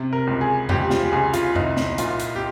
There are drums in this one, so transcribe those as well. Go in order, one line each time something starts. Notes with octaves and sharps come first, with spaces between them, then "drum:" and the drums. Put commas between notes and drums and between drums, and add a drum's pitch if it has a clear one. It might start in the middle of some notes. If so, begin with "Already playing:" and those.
Already playing: C3
A#4
C#2
G#4
C#2 G4, drum: tom E2
F4, drum: snare
C#2 G#4
F4, drum: hi-hat
C2 D#4, drum: tom E2
drum: snare
A#2 F4, drum: hi-hat
drum: hi-hat
G4